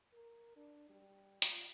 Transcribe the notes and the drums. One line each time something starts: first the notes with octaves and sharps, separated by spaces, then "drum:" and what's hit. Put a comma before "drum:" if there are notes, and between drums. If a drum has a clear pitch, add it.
A#4
D4
G3
F4, drum: hi-hat